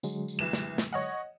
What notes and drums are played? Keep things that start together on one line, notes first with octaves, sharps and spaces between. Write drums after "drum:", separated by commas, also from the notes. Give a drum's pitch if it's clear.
D3 F#3 G#3, drum: tambourine
drum: tambourine
C2 E3 E7
drum: snare
drum: snare
C#5 D#5 F#5